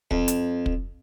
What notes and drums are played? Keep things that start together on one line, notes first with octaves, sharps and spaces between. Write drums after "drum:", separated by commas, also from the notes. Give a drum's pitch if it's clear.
F2, drum: kick
drum: hi-hat
drum: kick